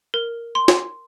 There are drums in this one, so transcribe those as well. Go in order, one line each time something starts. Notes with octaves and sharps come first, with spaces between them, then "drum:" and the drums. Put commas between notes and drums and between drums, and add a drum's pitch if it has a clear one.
A#4
C6
drum: snare